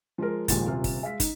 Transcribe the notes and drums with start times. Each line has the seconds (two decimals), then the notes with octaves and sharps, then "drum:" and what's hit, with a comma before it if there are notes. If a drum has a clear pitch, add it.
0.18 F3 G#3 A#4
0.48 D#1 A#1 D#2 F3 G#3 A6, drum: kick, hi-hat
0.67 D#1 C3 F4 F6
0.84 drum: kick, open hi-hat
1.02 G#3 E5 F5 B6
1.20 D#4, drum: kick, hi-hat